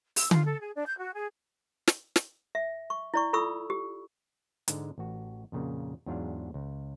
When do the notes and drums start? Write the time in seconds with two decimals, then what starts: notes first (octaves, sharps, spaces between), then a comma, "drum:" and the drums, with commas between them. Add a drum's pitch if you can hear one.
0.16 E6, drum: open hi-hat
0.31 F4, drum: tom D3
0.44 A4
0.60 G#4
0.75 D4
0.87 G6
0.98 F#4
1.14 G#4
1.87 drum: snare
2.16 drum: snare
2.55 E5
2.90 C#6
3.14 E4 D5 C#6
3.33 F4 A4 B5 C#6 E6
3.70 G4
4.68 G#2 D3 G#3, drum: hi-hat
4.98 A1 F#4
5.52 F2 A#2 C#3 A#3 F#4
6.06 E2 G#2 F#3 D4 F4 F5
6.54 C#2